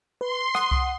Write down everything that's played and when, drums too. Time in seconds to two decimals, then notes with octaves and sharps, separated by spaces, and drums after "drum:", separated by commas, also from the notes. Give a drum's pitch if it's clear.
0.21 B4 C6
0.55 F#5 D#6, drum: rim click
0.71 drum: kick C2